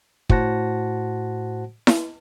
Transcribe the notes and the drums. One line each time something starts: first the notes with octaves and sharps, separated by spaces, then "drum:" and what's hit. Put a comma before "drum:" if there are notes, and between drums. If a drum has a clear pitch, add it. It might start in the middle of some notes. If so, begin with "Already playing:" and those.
A2 F#4 C5 F#5 A5 A#6, drum: kick
drum: snare E4